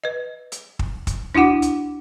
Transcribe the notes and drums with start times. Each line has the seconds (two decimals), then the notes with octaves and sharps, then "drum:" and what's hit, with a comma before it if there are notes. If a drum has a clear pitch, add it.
0.04 B4 D#5
0.52 drum: hi-hat
0.79 drum: kick
1.07 drum: kick, hi-hat
1.34 D4 E4 F#4 F#5 D6, drum: tom
1.62 drum: hi-hat